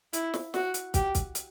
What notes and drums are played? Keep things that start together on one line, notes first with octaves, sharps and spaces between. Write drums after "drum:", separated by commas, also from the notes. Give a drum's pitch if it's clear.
E4, drum: hi-hat
drum: snare
F#4, drum: snare
drum: hi-hat
G4, drum: kick, hi-hat
drum: kick, hi-hat
drum: hi-hat